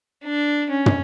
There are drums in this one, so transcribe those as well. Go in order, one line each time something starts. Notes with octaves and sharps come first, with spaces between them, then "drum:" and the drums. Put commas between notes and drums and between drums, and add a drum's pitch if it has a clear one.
D4
C#4
drum: tom